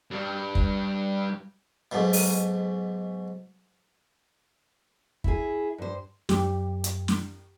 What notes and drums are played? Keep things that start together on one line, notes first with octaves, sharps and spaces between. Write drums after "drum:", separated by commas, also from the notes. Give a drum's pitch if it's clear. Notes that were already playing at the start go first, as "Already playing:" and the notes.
G2 G3
drum: kick
B1 G#2 B2
drum: open hi-hat
E4 G#4, drum: kick
G2 C5
F#2 G4, drum: snare
drum: hi-hat
drum: snare